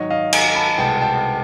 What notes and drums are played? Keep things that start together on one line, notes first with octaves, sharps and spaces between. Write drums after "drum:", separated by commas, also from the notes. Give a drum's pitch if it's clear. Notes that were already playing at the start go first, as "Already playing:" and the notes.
Already playing: G#2 D#3 F#3 C#5 D#5
D#5 F5
G#5 A#5, drum: cymbal
A5 B5
C2 B2 G#3 B3 G5 A5
G5 A5